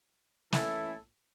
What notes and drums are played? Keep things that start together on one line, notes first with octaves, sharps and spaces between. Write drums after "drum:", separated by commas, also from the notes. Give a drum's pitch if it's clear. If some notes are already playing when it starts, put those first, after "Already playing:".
E3 A3 C#4 E4 A4, drum: snare